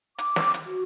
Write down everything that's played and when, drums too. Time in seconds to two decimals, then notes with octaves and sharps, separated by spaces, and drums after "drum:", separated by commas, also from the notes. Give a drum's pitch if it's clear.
0.18 D6, drum: hi-hat
0.36 drum: snare
0.54 drum: hi-hat
0.66 F#4